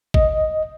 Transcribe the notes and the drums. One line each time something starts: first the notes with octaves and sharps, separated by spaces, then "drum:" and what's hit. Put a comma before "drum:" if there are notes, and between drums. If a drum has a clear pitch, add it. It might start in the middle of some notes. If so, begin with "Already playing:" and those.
D#5, drum: kick G#1